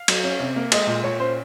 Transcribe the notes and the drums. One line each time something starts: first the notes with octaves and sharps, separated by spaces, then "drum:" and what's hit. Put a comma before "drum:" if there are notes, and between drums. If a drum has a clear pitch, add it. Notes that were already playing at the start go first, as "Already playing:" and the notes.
Already playing: F5
F#3, drum: cymbal
C#4
C3
A#3
G#3 D#5, drum: cymbal
A#2
A#2 C#5
C#4 C5